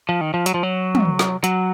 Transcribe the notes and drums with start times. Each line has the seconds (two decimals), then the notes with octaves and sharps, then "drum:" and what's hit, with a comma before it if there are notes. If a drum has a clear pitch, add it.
0.09 F3
0.21 D#3
0.34 F3
0.46 F#3, drum: hi-hat
0.54 F3
0.63 F#3
0.95 drum: tom
1.19 drum: snare
1.44 F#3, drum: hi-hat